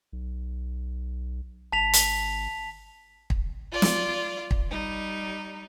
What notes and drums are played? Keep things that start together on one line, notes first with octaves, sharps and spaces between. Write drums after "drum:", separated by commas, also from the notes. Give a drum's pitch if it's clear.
B1
G#1 A5 B6 F7
drum: hi-hat
drum: kick
F4 D5
drum: snare
drum: kick
G3 D#4